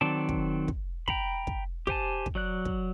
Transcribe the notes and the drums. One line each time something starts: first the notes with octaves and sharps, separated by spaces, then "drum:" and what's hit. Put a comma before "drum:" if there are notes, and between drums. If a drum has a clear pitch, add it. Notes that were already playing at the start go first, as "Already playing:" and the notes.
D#3 F#3 C4 D5 A5
drum: kick
drum: kick
G5 A#5 B5, drum: kick
drum: kick
G4 C5 G#5 A5, drum: kick
drum: kick
F#3 D5 F#6
drum: kick